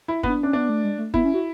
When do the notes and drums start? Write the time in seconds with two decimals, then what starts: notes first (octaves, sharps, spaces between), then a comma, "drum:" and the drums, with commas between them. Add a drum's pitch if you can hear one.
0.08 E4
0.23 B3, drum: kick F#1
0.28 D4
0.43 C#4 D4
0.53 B3 D4
0.69 A3
0.84 G#3
0.98 A3
1.14 B3 E4, drum: kick F#1
1.24 C#4
1.34 F#4